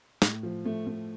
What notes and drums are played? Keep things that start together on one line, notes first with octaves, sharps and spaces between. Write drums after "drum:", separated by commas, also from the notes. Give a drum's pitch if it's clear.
A2, drum: snare
F3
A3
A3